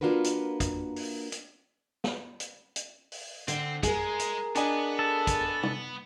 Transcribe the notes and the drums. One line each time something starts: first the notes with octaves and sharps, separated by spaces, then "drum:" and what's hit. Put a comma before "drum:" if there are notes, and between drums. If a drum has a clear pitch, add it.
A#3 D4 F4 F#4 A#4 B4
drum: hi-hat
drum: kick, hi-hat
drum: open hi-hat
drum: hi-hat
drum: snare
drum: hi-hat
drum: hi-hat
drum: open hi-hat
D3 C4, drum: hi-hat
G#3 G#4 A#4, drum: kick, hi-hat
drum: hi-hat
B3 D4 D#5 G#5, drum: hi-hat
A4
drum: kick, hi-hat
drum: tom